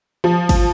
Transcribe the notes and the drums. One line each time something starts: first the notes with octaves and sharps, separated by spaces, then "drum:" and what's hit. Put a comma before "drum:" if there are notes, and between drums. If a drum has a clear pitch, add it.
F3
drum: kick, cymbal